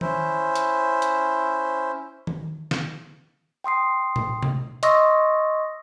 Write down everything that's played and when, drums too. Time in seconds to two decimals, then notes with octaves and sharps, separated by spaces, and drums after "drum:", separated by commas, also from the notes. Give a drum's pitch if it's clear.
0.01 C#4 E4 C5, drum: tom D#3
0.56 drum: hi-hat
1.02 drum: hi-hat
2.27 drum: tom D#3
2.71 drum: snare
3.64 G5 C6 D#6 C7
4.16 drum: tom A2
4.43 drum: tom C3
4.83 D#5 C6 C#6 D#6 E6 A#6, drum: hi-hat